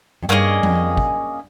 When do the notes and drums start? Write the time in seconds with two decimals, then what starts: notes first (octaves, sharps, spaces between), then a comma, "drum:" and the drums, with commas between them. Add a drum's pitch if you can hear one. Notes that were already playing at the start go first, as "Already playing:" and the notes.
0.23 F2
0.29 G2 A#3 C#4 G#4 D#5
0.63 F2, drum: tom F3
0.97 drum: kick